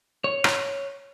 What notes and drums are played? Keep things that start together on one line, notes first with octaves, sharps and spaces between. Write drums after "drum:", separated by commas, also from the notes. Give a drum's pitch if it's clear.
C#5
drum: rim click